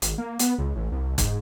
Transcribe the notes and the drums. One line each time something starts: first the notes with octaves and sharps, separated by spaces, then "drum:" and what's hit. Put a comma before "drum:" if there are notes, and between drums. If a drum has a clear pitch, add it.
G#1, drum: hi-hat
A#3
B3, drum: hi-hat
C#2
A1
C2
G#2, drum: kick F1, hi-hat